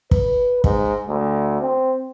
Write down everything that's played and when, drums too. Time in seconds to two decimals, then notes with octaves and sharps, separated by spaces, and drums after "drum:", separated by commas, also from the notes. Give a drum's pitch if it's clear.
0.11 B4, drum: kick
0.64 G#2, drum: kick
1.08 D2
1.61 C4